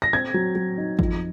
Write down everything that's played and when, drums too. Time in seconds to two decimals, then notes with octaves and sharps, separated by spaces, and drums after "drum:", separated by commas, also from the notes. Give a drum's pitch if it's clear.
0.02 A#6
0.13 C4 G#6
0.34 F#3
0.55 F#3
0.78 D#4
0.99 F2, drum: kick G#1